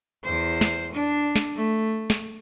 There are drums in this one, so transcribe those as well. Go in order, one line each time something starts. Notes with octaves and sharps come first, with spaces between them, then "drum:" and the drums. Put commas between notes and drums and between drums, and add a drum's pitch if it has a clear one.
E2 C5
drum: snare
D4
drum: snare
A3
drum: snare